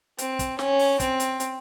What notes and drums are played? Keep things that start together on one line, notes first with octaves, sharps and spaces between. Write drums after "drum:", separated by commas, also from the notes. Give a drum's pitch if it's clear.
C4, drum: hi-hat
drum: kick, hi-hat
C#4, drum: snare
drum: open hi-hat
C4, drum: kick, hi-hat
drum: hi-hat
drum: hi-hat